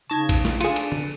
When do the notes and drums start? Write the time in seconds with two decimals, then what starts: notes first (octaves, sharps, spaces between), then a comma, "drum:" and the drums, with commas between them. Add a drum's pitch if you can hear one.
0.10 C#3 D#4 A5 C#6 G#6
0.29 drum: kick A#1, cymbal
0.45 drum: snare
0.61 D4 F4 G#4 A4 C#7 D#7, drum: cymbal
0.76 drum: cymbal
0.92 drum: tom